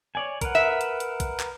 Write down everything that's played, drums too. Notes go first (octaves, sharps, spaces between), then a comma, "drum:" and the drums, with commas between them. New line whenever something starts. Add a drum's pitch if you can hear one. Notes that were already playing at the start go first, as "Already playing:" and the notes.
C#5 D5 G#5
A#4 B4 F#5, drum: kick B1, hi-hat
E5
drum: hi-hat
drum: hi-hat
drum: kick B1, hi-hat
drum: clap